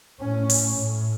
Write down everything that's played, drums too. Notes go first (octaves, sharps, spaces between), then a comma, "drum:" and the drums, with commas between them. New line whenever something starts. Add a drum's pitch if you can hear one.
A2 C#4
drum: open hi-hat
A2